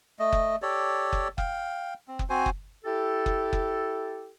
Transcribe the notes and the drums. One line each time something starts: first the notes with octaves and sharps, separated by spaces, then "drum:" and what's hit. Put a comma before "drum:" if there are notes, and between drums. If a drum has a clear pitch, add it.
A3 D#5
drum: kick F#1
G4 A4 C#5 D5
drum: kick F#1
F5 G5, drum: kick F#1
C4
drum: kick F#1
C4 F#4 C5 G#5
drum: kick F#1
E4 G4 A4
drum: kick F#1
drum: kick F#1